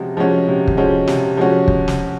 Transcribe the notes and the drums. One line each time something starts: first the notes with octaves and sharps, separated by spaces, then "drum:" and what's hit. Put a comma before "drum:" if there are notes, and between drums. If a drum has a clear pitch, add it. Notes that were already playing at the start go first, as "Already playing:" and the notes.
Already playing: C3 F3 G#3 C#4 F#4
F3 G#3 C#4 F#4
C3
drum: kick
F3 G#3 C#4 F#4
C3, drum: snare
F3 G#3 C#4 F#4
drum: kick
drum: snare